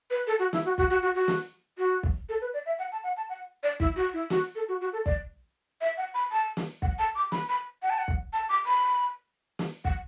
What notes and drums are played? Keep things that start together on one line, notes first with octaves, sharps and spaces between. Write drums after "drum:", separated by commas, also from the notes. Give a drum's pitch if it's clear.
B4
A4
F#4
E4, drum: snare
F#4
F#4, drum: kick
F#4
F#4
F#4
drum: snare
F#4
drum: kick
A4
B4
D5
E5
F#5
A5
F#5
A5
F#5
D5
E4, drum: kick
F#4
E4
F#4, drum: snare
A4
F#4
F#4
A4
D5, drum: kick
E5
F#5
B5
A5
drum: snare
F#5, drum: kick
A5
D6
B5, drum: snare
B5
F#5
A5
F#5
drum: kick
A5
D6
B5
drum: snare
F#5, drum: kick